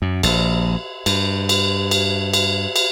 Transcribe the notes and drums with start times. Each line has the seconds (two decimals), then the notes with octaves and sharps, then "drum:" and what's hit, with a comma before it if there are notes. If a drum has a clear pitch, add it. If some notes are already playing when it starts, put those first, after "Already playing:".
0.02 F#2
0.23 A#1, drum: cymbal
1.06 G2, drum: cymbal
1.49 drum: cymbal
1.91 drum: cymbal
2.33 drum: cymbal
2.76 drum: cymbal